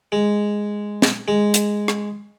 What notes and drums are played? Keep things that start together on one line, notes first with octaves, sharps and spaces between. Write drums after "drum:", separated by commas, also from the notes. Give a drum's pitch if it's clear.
G#3
drum: snare
G#3
drum: hi-hat
drum: rim click